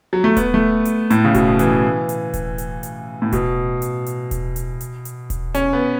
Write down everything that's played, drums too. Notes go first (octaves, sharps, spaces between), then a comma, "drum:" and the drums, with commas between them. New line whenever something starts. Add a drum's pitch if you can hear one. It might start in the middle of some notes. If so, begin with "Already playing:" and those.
F#3
A3
B3, drum: kick D#1, hi-hat
A3
drum: hi-hat
A2, drum: hi-hat
C#3
B2, drum: kick D#1, hi-hat
E3, drum: hi-hat
drum: hi-hat
drum: kick D#1, hi-hat
drum: hi-hat
drum: hi-hat
A2
B2, drum: kick D#1, hi-hat
drum: hi-hat
drum: hi-hat
drum: kick D#1, hi-hat
drum: hi-hat
drum: hi-hat
drum: hi-hat
drum: kick D#1, hi-hat
C#4, drum: hi-hat
B3